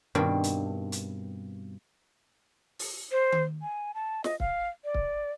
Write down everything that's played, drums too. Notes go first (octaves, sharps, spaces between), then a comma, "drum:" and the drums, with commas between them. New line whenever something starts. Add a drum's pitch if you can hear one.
G2 B2 D#3 C4 D4
drum: hi-hat
drum: hi-hat
drum: open hi-hat
C5
drum: tom D#3
G#5
A5
D#5, drum: snare
F5, drum: kick C#1
D5
drum: kick C#1